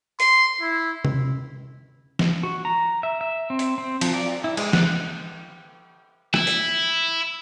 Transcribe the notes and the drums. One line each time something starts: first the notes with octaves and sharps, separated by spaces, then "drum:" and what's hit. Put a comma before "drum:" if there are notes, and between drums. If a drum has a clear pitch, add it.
C6, drum: hi-hat
E4
drum: tom C3
drum: snare
F#4
A#5
E5
E5
C4
drum: hi-hat
C4
F3, drum: cymbal
D5
E4
G#3, drum: cymbal
F#6, drum: snare
E4, drum: rim click
drum: hi-hat